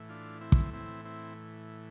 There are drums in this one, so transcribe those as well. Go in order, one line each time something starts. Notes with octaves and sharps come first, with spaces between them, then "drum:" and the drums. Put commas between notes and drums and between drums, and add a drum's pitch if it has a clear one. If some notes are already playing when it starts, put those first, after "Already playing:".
Already playing: A2 E3
D4 F4
C4 E4
drum: kick
C4 E4
C4 E4